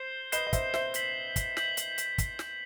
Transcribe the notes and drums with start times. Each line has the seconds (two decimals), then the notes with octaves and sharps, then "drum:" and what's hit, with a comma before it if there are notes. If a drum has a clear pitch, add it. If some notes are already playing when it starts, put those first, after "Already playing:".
Already playing: C5 G6 C7 E7 G7
0.32 B4 D#5 G6 C7 E7 G7, drum: hi-hat
0.47 D#5
0.53 C5 E5, drum: kick, hi-hat
0.74 C5 E5, drum: snare
0.94 G6 B6 F#7, drum: hi-hat
1.36 drum: kick, hi-hat
1.57 G6 B6 F#7, drum: snare
1.77 drum: hi-hat
1.98 drum: hi-hat
2.18 drum: kick, hi-hat
2.39 drum: snare